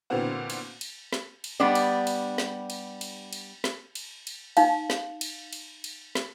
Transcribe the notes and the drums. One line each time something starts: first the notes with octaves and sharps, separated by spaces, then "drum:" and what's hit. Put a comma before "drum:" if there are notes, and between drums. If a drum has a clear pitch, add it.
A#2 D3 E3 B3 C4 F#4
drum: cymbal
drum: cymbal
drum: snare
drum: cymbal
G3 B3 D4 D5
drum: cymbal
drum: cymbal
drum: snare
drum: cymbal
drum: cymbal
drum: cymbal
drum: snare
drum: cymbal
drum: cymbal
D#4 F5, drum: cymbal
drum: snare
drum: cymbal
drum: cymbal
drum: cymbal
drum: snare